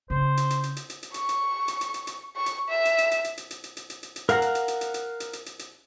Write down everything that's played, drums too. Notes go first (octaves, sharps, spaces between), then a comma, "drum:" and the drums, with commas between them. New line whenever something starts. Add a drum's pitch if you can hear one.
C#3 C5
drum: hi-hat
drum: hi-hat
drum: hi-hat
drum: hi-hat
drum: hi-hat
drum: hi-hat
C#6, drum: hi-hat
drum: hi-hat
drum: hi-hat
drum: hi-hat
drum: hi-hat
drum: hi-hat
C#6
drum: hi-hat
E5
drum: hi-hat
drum: hi-hat
drum: hi-hat
drum: hi-hat
drum: hi-hat
drum: hi-hat
drum: hi-hat
drum: hi-hat
drum: hi-hat
drum: hi-hat
drum: hi-hat
A#4 F5 F#5 A#5, drum: hi-hat
drum: hi-hat
drum: hi-hat
drum: hi-hat
drum: hi-hat
drum: hi-hat
drum: hi-hat
drum: hi-hat
drum: hi-hat
drum: hi-hat